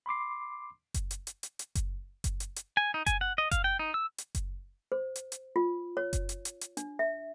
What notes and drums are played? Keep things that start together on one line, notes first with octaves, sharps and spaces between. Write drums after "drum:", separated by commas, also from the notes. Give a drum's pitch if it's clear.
B5 C6 D6 C7
drum: kick F#1, hi-hat
drum: hi-hat
drum: hi-hat
drum: hi-hat
drum: hi-hat
drum: kick F#1, hi-hat
drum: kick F#1, hi-hat
drum: hi-hat
drum: hi-hat
G#5
D#4
G#5, drum: kick F#1, hi-hat
F#5
D#5
F5, drum: kick F#1, hi-hat
G5
D#4
E6
drum: hi-hat
drum: kick F#1, hi-hat
C5
drum: hi-hat
drum: hi-hat
F4
C#5
drum: kick F#1, hi-hat
drum: hi-hat
drum: hi-hat
drum: hi-hat
D4, drum: hi-hat
E5